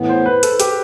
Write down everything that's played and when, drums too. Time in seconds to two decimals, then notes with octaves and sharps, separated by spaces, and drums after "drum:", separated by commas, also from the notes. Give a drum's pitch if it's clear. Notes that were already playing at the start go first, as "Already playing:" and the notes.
Already playing: A2 E3 B3
0.09 C5
0.26 B4
0.43 A4, drum: hi-hat
0.60 G4, drum: hi-hat